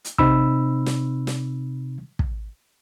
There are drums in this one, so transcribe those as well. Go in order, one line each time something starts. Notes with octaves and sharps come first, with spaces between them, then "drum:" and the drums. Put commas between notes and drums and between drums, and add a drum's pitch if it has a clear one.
drum: hi-hat
C3 C4 D#4 B5 E6, drum: kick
drum: snare
drum: snare
drum: kick